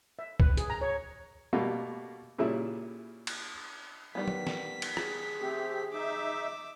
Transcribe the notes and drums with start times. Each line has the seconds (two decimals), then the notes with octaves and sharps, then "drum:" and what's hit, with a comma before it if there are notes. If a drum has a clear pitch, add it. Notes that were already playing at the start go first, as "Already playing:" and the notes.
0.19 E5
0.40 B4, drum: kick C#2
0.57 G#4, drum: hi-hat
0.70 A#5
0.81 C#5
1.53 B2 G3 A3 A#3
2.38 A#2 C#3 G3 E4
3.27 drum: cymbal
4.15 D#3 G3 B3 B6
4.28 drum: tom F#3
4.47 drum: snare
4.82 drum: cymbal
4.97 G#4, drum: rim click
5.41 A3 C4 G4
5.93 D#4 E5 D6 E6